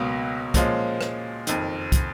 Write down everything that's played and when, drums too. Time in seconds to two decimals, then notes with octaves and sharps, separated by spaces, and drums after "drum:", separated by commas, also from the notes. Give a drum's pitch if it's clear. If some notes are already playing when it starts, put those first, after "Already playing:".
Already playing: C#2 B2 F#3 A#3
0.54 A#2 F3 G#3 C#4 F4, drum: kick, hi-hat
1.01 drum: rim click
1.47 F#1 F2 D#3, drum: hi-hat
1.92 drum: kick, hi-hat